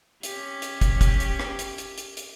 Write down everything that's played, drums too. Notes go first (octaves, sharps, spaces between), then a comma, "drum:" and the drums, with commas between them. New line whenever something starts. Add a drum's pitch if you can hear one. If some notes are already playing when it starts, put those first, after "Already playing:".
C#4 G4, drum: hi-hat
drum: hi-hat
drum: kick, hi-hat
drum: kick, hi-hat
drum: hi-hat
drum: rim click
drum: hi-hat
drum: hi-hat
drum: hi-hat
drum: hi-hat